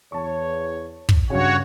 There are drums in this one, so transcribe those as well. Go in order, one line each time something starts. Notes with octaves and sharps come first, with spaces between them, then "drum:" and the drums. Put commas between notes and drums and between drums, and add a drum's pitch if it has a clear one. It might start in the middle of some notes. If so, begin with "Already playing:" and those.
E2 C#5 A5 C#6
drum: kick
G2 C#3 F#4 C#5